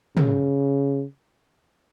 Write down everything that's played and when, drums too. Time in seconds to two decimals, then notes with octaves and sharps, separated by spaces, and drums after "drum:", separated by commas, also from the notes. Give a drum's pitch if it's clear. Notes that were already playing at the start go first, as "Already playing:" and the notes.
0.17 C#3, drum: tom